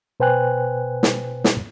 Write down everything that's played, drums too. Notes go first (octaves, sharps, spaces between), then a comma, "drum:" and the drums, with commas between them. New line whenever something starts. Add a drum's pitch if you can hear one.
B2 B4 C5 G5 G#5 F#6
drum: snare
drum: snare